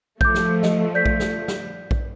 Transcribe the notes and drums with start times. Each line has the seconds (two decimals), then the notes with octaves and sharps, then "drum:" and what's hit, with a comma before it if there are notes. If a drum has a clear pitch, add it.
0.21 F3 A3 D6 G6, drum: kick A#1
0.35 drum: snare
0.63 D#5, drum: snare
0.94 D5 G6 B6
1.06 drum: kick A#1
1.20 drum: snare
1.48 drum: snare
1.91 drum: kick A#1